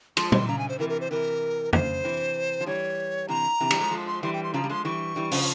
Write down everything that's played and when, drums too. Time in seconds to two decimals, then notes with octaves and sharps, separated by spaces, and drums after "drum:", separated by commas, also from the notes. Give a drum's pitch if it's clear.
0.17 F3 G#3 C6, drum: cymbal
0.32 C3 E3 C6, drum: tom
0.48 C#3 A#5
0.59 G#5
0.69 C5
0.79 C3 E3 A#4
0.89 A#4
1.01 C5
1.11 C3 E3 A#4
1.73 C#3 C5, drum: tom F2
2.04 C3 E3
2.61 F3
2.66 E3 G3 C#5
3.28 C3 E3 A#5
3.60 C3 E3
3.70 E3 G3, drum: cymbal
3.81 F3 G#3
3.91 F3 G#3
4.07 C6
4.23 E3 G3 C6
4.33 G5
4.44 C6
4.54 C#3 F3 A#5
4.64 G3
4.69 F3 G#3 C6
4.85 E3 G3 C#6
5.16 E3 G3
5.31 C#3 F3, drum: open hi-hat